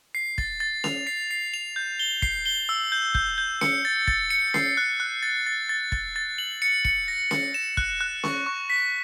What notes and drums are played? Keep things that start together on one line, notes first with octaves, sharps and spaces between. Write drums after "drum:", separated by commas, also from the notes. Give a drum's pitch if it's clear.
C7
A6, drum: kick
A6
F7, drum: snare C#4
C7
C7
F7
G6
G7
C7, drum: kick
G7
E6
G6
G6, drum: kick
G6
C#7, drum: snare C#4
A6
A6, drum: kick
C#7
C7, drum: snare C#4
F#6
F#6
A6
A6
A6
A6, drum: kick
A6
F#7
C#7
C#7, drum: kick
A#6
C#7, drum: snare C#4
E7
F#6, drum: kick
F#6
C#6, drum: snare C#4
C#6
B6